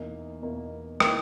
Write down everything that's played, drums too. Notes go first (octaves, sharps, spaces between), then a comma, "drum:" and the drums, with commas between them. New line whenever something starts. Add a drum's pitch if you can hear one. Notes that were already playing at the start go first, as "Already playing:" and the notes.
Already playing: E2 B2 A#3 D#4
E2 B2 A#3 D#4
D#3 A#3 E4, drum: rim click